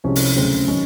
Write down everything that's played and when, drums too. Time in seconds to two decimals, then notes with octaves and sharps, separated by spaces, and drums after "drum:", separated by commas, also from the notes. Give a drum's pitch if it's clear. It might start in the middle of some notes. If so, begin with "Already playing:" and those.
0.04 C2 C3 F3 G#3 C#4
0.16 drum: open hi-hat
0.36 D2 C#3 F#3 C4
0.68 D#3 F#3 C#4